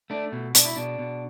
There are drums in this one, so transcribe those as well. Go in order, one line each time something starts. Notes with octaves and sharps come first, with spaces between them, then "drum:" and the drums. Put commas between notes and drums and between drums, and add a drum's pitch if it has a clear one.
A3 D4
B2
B2 D4, drum: hi-hat
E4
B2 D4
B2